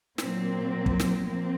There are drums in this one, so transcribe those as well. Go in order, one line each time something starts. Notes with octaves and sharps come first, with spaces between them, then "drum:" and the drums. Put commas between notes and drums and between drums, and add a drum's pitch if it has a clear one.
A#2 F#3 A#3 C4, drum: snare
drum: kick
drum: snare
F3 A#3 C4